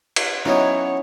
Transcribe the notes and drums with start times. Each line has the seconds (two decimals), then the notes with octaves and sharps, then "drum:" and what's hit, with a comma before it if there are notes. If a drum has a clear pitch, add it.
0.16 drum: cymbal
0.45 E3 F#3 B3 C#4 D#4 C#5